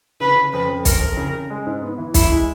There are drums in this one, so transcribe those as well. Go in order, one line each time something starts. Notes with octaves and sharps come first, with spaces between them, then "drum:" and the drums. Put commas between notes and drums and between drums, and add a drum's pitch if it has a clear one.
C#3 B4
C#3
F2 B4
F2
F2 A#4, drum: kick, hi-hat
F2
C#3
C#3
G#3
G#2
B3
E3
E3 E4, drum: kick, hi-hat
G#3